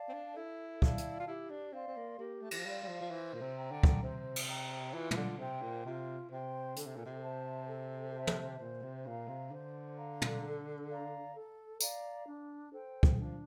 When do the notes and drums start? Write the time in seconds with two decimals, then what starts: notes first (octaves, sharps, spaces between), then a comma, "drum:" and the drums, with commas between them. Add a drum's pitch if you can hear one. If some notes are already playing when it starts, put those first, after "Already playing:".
Already playing: D5 F5 A5
0.08 C4
0.13 D4
0.36 E4 A4
0.82 D5 F5 A5, drum: kick C#2
0.98 drum: hi-hat
1.20 F4
1.27 E4 G4
1.50 D4
1.73 C4 D5 F5 C6
1.88 C4
1.96 A#3
2.19 A#3 G4
2.41 A3
2.51 E3, drum: cymbal
2.58 F3
2.64 G3 D5 F5 C6
2.83 G3
2.88 F3
3.00 F3
3.10 E3 C5
3.33 A#2
3.41 C3
3.56 G5 A#5
3.71 D3
3.83 drum: kick C#2
4.02 C3 C5
4.36 drum: cymbal
4.47 G5 A#5
4.93 E3 F4
5.11 E3, drum: tom
5.16 D3
5.39 C3 C5 G5 C6
5.62 A#2
5.85 C3 F4
6.31 C3 C5 G5 C6
6.76 D3 A4, drum: hi-hat
6.87 C3
6.96 A#2
7.05 C3
7.23 C5 E5 A5
7.68 A4
8.14 C5 E5 A5
8.27 drum: tom
8.59 A#2 C5
8.82 C3
9.05 A#2 F5 A#5
9.28 C3
9.51 D3 C5
9.98 F5 A#5
10.22 drum: tom
10.42 A4
10.89 D5 F5 A#5
11.35 A4
11.80 D5 F5 A#5, drum: tambourine
12.26 D4
12.72 A4 C5 G5
13.03 drum: kick C#2
13.18 F3 D4